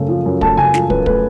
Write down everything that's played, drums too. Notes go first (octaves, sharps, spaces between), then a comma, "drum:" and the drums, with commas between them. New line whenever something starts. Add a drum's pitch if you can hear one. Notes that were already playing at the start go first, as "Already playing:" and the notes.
Already playing: F#2 C#3 A3
F3
F#2
A3 A5, drum: kick
C#3 G#5
F3, drum: snare
F#2 B4, drum: kick
A3 B4, drum: kick